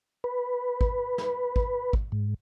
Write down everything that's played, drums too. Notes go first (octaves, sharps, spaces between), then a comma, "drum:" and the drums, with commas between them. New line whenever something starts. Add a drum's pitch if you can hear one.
B4
drum: kick
drum: snare
drum: kick
drum: kick
G#2